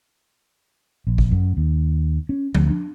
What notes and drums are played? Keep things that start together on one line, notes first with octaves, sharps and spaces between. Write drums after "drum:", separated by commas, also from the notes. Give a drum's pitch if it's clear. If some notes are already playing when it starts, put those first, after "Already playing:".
A#1
drum: kick G#1
F#2
D#2
C#4
D2, drum: tom F3
D4